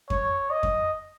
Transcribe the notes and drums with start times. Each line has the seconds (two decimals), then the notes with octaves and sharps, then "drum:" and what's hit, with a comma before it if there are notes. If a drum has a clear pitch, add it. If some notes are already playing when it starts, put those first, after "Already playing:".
0.10 C#5, drum: kick F2
0.51 D#5
0.63 drum: kick F2